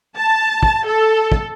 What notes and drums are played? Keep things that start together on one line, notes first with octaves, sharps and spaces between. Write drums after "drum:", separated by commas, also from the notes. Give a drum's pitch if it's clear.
A5
drum: kick
A4
drum: kick